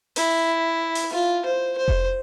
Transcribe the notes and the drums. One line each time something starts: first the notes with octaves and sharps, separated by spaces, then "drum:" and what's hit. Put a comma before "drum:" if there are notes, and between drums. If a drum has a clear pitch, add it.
E4, drum: open hi-hat
drum: open hi-hat
F4
C5
C5
drum: kick F1